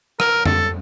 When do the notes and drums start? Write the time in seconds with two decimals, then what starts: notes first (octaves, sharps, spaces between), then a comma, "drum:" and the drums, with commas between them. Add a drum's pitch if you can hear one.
0.20 A#4, drum: rim click
0.46 A4, drum: tom F2